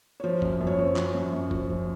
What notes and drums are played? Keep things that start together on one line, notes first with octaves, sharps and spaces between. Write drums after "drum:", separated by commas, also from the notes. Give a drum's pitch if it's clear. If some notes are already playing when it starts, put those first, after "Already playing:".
C#5
F3 C5
F#2, drum: kick
F#2
C#5
F3 C5
F3, drum: clap
F#2
F#2
F3, drum: kick
F3